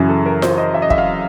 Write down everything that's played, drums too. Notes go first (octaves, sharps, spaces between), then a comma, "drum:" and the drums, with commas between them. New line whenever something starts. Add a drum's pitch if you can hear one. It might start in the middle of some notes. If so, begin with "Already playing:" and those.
Already playing: F#2 C#3 E3 F#4 G#4
A4
A#4
C5, drum: snare F4
D#5
E5
D#5
E5, drum: kick
F5